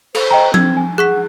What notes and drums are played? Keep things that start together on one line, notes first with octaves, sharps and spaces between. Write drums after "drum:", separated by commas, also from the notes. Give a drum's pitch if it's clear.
A4 C5, drum: cymbal
D#5 G5 A#5
C4 E6 G#6, drum: tom F3
G#5
G#4 F#5 C#6 F#6 B6